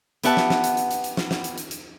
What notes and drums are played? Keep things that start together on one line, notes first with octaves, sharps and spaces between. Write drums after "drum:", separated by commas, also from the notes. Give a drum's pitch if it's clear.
B3 G4 E5 F#5 A5, drum: hi-hat
drum: snare
drum: snare
drum: hi-hat
drum: hi-hat
drum: hi-hat
drum: hi-hat
drum: snare
drum: snare
drum: hi-hat
drum: hi-hat
drum: hi-hat